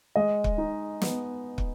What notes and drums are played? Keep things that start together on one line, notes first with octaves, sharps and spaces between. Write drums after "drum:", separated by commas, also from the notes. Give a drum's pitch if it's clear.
G#3 D#5
drum: kick
D#4
B3, drum: snare
drum: kick